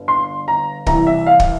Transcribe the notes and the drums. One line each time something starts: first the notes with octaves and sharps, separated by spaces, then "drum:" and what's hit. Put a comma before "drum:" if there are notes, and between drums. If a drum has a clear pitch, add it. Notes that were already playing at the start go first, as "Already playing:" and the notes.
Already playing: G1
C6
A#5
C2 C3 E3 A#5, drum: kick
E5
F5
drum: kick